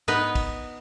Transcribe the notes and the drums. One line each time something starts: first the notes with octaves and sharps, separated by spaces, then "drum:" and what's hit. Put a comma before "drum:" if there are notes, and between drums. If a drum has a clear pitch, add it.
B3 D#4 B4, drum: tom G#2
drum: kick, cymbal